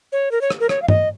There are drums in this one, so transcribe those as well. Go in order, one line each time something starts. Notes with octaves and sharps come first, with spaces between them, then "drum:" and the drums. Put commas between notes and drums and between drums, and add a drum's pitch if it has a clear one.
C#5
A#4
C#5
drum: rim click
A#4
C#5, drum: rim click
F5
D#5, drum: tom G2